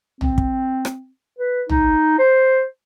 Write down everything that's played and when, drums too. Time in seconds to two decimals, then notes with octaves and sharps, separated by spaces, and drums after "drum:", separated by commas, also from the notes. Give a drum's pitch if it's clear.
0.21 C4, drum: tom A#1
0.38 drum: kick
0.85 drum: rim click
1.39 B4
1.69 D#4, drum: tom A#1
2.19 C5